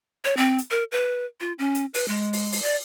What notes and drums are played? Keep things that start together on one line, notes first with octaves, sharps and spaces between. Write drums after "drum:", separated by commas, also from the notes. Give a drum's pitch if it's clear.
C#5
C4
drum: hi-hat
A#4
B4
F4
C#4
drum: hi-hat
B4, drum: open hi-hat
G#3
drum: open hi-hat
drum: open hi-hat
D5